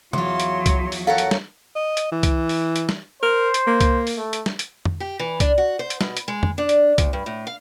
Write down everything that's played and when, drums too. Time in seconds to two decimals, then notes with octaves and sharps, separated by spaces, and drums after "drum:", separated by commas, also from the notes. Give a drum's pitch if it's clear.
0.13 E2 F#3 F4 C6, drum: tom
0.40 drum: hi-hat
0.66 drum: kick C2, hi-hat
0.92 drum: open hi-hat
1.07 A4 A#4 C#5 F5 F#5
1.18 drum: hi-hat
1.31 drum: snare
1.75 D#5
1.97 drum: hi-hat
2.12 E3
2.23 drum: kick C2, hi-hat
2.49 drum: open hi-hat
2.76 drum: hi-hat
2.89 drum: snare
3.22 A#4 C5
3.54 drum: hi-hat
3.67 A#3
3.81 drum: kick C2, hi-hat
4.07 drum: open hi-hat
4.17 A3
4.33 drum: hi-hat
4.46 drum: snare
4.59 drum: hi-hat
4.85 drum: tom F2
5.00 G4
5.19 E3
5.40 D4, drum: kick C2, hi-hat
5.58 F#4
5.79 C5
5.90 drum: hi-hat
6.01 B2, drum: snare
6.17 drum: hi-hat
6.28 G#3
6.43 drum: tom F2
6.58 D4
6.69 drum: hi-hat
6.98 D2, drum: kick C2, hi-hat
7.13 G2
7.26 A2
7.47 F5